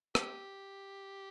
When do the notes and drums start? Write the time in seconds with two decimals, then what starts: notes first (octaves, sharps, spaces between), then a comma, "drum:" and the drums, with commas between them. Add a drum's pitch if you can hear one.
0.15 G4, drum: rim click